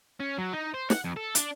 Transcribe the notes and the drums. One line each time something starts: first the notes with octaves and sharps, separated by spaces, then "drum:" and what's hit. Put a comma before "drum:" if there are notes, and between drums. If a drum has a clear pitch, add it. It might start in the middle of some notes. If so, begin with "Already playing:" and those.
C#4
F#3
D#4
C5
F#5, drum: snare
F2
A4
D4, drum: hi-hat